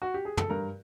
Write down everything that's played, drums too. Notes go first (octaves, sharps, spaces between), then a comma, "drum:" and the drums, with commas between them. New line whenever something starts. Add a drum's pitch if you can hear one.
F#4
G4
G#4
A4, drum: tom
G2 A#4